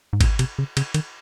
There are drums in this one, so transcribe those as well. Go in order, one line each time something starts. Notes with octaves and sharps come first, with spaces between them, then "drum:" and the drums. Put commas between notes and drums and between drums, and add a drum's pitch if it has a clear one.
G#2
A2, drum: kick G#1, cymbal
C3, drum: cymbal
C#3
C#3, drum: cymbal
D#3, drum: cymbal